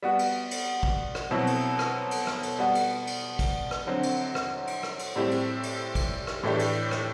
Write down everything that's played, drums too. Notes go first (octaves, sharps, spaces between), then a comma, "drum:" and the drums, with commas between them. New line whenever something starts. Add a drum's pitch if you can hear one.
G3 B3 F#4
drum: cymbal
drum: cymbal
drum: kick
drum: rim click
B2 F#3 C4 E4
drum: cymbal
drum: rim click
drum: cymbal
drum: rim click
drum: cymbal
G3 B3 F#4
drum: cymbal
drum: cymbal
drum: kick, cymbal
drum: rim click
D3 F#3 C4 F#4
drum: cymbal
drum: rim click
drum: cymbal
drum: rim click
drum: cymbal
A2 G3 C4 E4 G4
drum: cymbal
drum: cymbal
drum: kick, cymbal
drum: rim click
A2 E3 A3 D4 G4
drum: cymbal
drum: rim click